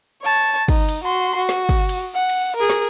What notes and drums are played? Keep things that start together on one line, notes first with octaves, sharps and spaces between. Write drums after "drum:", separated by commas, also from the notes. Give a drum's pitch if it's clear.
C#5 A5
D#4, drum: kick, cymbal
drum: cymbal
F#4 C6
F#4
drum: snare
drum: kick, cymbal
drum: cymbal
F#5
drum: cymbal
G#4 A#4
drum: snare